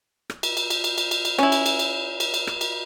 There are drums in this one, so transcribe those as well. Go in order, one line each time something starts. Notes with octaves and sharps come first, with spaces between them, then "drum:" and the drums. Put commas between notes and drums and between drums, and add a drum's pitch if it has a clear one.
drum: rim click
drum: cymbal
drum: cymbal
drum: cymbal
drum: cymbal
drum: cymbal
drum: cymbal
drum: cymbal
C#4 E4, drum: rim click
drum: cymbal
drum: cymbal
drum: cymbal
drum: cymbal
drum: cymbal
drum: rim click
drum: cymbal